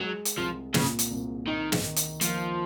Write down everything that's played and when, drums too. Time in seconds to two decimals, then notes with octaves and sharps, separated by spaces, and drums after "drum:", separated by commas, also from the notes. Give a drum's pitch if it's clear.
0.01 F#3 G#3
0.25 drum: hi-hat
0.37 C2 F3
0.74 A#2 C#3, drum: snare
0.99 drum: hi-hat
1.11 C2
1.48 D#3 D#4
1.72 drum: snare
1.84 D#3
1.96 drum: hi-hat
2.21 F3 A#3, drum: hi-hat